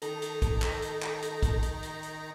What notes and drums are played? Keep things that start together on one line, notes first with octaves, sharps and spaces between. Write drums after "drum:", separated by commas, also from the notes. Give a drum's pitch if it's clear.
D#3 D#4 A4 A#5, drum: hi-hat
drum: hi-hat
drum: kick, hi-hat
drum: clap
drum: hi-hat
drum: clap
drum: hi-hat
drum: kick, hi-hat
drum: hi-hat
drum: hi-hat
drum: hi-hat